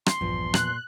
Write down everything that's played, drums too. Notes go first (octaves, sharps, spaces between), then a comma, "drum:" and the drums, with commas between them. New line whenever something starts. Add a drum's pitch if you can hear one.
C6, drum: rim click
A#1 E2 G2 F3
A#2 F#6, drum: rim click